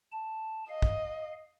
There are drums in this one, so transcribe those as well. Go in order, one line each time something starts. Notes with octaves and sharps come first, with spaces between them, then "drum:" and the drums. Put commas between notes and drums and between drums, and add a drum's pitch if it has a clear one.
A5
D#5 F5
drum: kick